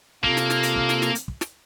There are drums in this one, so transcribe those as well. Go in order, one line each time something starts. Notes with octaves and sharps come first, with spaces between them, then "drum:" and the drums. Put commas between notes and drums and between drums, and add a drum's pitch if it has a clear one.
C3 A#3 F4 A4, drum: kick
drum: snare
drum: snare
drum: hi-hat
drum: kick
drum: snare
drum: snare
drum: hi-hat
drum: kick
drum: snare